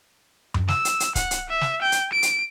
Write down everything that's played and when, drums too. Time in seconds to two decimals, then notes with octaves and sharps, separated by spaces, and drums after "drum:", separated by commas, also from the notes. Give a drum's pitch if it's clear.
0.54 drum: tom F#2
0.68 E6, drum: snare
0.85 drum: hi-hat
1.00 drum: hi-hat
1.15 F#5, drum: kick C#1, hi-hat
1.31 drum: hi-hat
1.49 E5
1.61 drum: snare
1.82 G5
1.92 drum: hi-hat
2.13 D7
2.23 drum: hi-hat